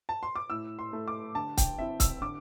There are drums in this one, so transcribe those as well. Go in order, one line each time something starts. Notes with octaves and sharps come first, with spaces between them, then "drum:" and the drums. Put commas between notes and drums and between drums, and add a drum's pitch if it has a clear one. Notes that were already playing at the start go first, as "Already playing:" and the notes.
A5
C6
D6
A2 E6
C6
A3 E4
D6
D3 A5
G5, drum: kick C#1, hi-hat
C4 E4 E5
E6, drum: kick C#1, hi-hat
D3 D6